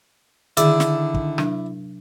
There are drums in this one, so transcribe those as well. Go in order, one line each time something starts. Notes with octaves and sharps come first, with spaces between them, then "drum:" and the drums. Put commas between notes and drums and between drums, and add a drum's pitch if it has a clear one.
D3 D#3 E4 G#4 D5 D6, drum: hi-hat
drum: snare
drum: kick
C3 F#3 D4, drum: rim click